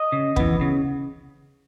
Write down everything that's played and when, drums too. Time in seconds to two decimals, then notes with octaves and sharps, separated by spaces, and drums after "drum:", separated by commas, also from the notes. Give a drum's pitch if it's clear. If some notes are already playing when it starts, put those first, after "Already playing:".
Already playing: D#5
0.12 C#3
0.36 E3 B3, drum: kick
0.61 C#3